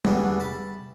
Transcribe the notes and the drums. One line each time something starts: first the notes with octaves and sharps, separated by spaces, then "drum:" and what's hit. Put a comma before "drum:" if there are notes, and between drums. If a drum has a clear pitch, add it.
E2 D3 E3 G3 C#4 D4, drum: tom
A5 B5